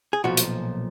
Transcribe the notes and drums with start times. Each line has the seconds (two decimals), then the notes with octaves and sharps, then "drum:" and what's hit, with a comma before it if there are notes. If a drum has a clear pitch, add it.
0.13 G#4
0.24 B1 A#2 F3 F#4
0.37 drum: hi-hat